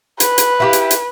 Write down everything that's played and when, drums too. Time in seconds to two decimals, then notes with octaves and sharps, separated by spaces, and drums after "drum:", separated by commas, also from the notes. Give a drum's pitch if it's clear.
0.20 B4, drum: hi-hat
0.38 drum: hi-hat
0.60 E4 F#4 G4
0.73 drum: hi-hat
0.91 drum: hi-hat